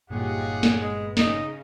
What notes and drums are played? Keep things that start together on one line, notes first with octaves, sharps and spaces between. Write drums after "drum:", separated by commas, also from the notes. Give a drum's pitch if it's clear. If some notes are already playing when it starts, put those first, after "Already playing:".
G1 A#2 D#4 F4 G4 G#4 C#5 F#5
drum: snare
G#3 B3
C#3 D#4 D#5, drum: snare